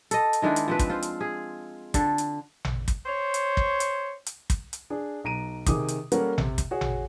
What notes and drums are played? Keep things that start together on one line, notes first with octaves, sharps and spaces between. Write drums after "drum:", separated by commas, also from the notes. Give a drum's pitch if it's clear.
A4 D#5, drum: hi-hat
drum: hi-hat
D#3 G#3 D4 E4
drum: hi-hat
F3 C4 B4
drum: kick, hi-hat
F4 C5
drum: hi-hat
G#4
D3 A4, drum: kick, hi-hat
drum: hi-hat
drum: tom A1
drum: kick, hi-hat
C5 C#5
drum: hi-hat
drum: kick
drum: hi-hat
drum: hi-hat
drum: kick, hi-hat
drum: hi-hat
D4 G#4
B1 A#5 D7 D#7
C3 D#3 G#4 D6 D#6, drum: kick, hi-hat
drum: hi-hat
G3 A#3 C#4 A4 A#4 F#5, drum: hi-hat
C3, drum: tom A1
drum: kick, hi-hat
F#4 G#4 C#5
drum: tom A1